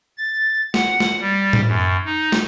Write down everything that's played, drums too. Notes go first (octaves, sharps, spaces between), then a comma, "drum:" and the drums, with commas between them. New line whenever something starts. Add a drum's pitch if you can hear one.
A6
F#5, drum: snare
drum: snare
G3
drum: tom
F#2
D#4
drum: snare